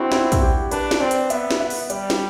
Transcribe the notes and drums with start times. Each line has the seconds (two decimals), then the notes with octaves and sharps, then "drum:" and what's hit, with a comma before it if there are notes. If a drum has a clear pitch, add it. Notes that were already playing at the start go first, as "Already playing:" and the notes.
Already playing: C4 D4 E4 F#4
0.12 E4, drum: snare
0.32 drum: kick, hi-hat
0.42 G4
0.72 D4 B4, drum: hi-hat
0.91 drum: snare
1.01 C4 D5
1.11 drum: hi-hat
1.30 B3 E5, drum: hi-hat
1.51 drum: snare
1.60 E5
1.70 drum: open hi-hat
1.90 G3 D5, drum: hi-hat
2.10 drum: snare